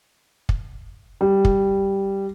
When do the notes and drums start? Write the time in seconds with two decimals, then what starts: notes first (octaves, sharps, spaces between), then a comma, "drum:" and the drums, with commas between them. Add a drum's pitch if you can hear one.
0.49 drum: kick
1.21 G3
1.45 drum: kick